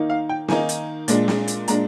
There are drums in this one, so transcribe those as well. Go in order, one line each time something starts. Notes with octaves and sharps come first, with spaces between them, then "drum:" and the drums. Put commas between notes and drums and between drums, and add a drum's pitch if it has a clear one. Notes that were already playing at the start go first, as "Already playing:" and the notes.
Already playing: D#3 A#3 D#4
F5
G5
D#3 A#3 D#4 G#5, drum: snare
drum: hi-hat
A#2 G#3 D4, drum: hi-hat
drum: snare
drum: hi-hat
A#2 G#3 D4 A#5, drum: hi-hat